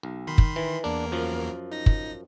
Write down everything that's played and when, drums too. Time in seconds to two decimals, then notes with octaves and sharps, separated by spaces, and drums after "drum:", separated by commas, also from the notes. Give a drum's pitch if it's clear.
0.03 B1
0.27 D#3 B5 C6
0.38 drum: kick
0.56 E3
0.84 E2 A#3 D4 A#4
1.12 F#2 F3
1.72 D#4 A#6
1.86 drum: kick